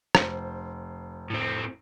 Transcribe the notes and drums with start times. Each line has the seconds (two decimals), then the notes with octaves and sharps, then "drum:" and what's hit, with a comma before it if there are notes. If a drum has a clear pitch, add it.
0.15 F1 C5, drum: rim click
1.30 A2 C4